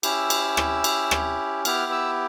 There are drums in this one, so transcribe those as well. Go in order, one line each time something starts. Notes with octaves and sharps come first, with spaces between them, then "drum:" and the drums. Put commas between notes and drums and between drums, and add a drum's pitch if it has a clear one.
C#4 E4 G4 E6, drum: cymbal
drum: cymbal
drum: rim click
drum: cymbal
drum: rim click
B3 E4 G4 F6, drum: cymbal
E6